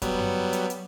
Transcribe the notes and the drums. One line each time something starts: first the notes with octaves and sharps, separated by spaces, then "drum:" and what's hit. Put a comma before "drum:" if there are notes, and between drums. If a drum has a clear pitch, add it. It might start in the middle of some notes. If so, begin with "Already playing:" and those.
F#3 G3 B3, drum: kick, hi-hat
drum: tom F#2
drum: hi-hat
drum: hi-hat